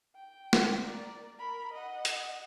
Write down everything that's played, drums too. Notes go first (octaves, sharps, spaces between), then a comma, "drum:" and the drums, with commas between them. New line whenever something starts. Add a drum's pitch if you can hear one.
G5
drum: snare
A#4 D5
A#4 B5
D#5 F#5
drum: hi-hat